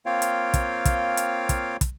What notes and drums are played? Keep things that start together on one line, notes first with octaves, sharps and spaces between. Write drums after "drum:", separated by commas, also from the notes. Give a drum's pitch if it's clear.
A#3 C4 F4 C#5 F5 G5
drum: hi-hat
drum: kick, hi-hat
drum: kick, hi-hat
drum: hi-hat
drum: kick, hi-hat
drum: kick, hi-hat